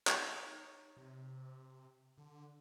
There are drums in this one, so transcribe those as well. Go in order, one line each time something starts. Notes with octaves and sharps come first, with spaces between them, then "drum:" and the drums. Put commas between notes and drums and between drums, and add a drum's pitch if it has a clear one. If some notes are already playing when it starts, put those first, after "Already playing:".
D#4 C#5, drum: clap
C3
D3